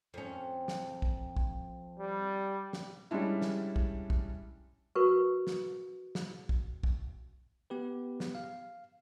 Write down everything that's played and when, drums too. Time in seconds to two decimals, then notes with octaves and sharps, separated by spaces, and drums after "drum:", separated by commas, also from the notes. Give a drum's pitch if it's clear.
0.14 F2 C#4
0.68 drum: snare
1.02 drum: kick
1.37 drum: kick
1.99 G3
2.73 drum: snare
3.11 G3 G#3 C#4 D4 E4
3.42 drum: snare
3.76 drum: kick
4.10 drum: kick
4.95 F#4 A#4 B4 C#6
5.47 drum: snare
6.15 drum: snare
6.49 drum: kick
6.83 drum: kick
7.70 B3 G4 B4
8.20 drum: snare
8.35 F5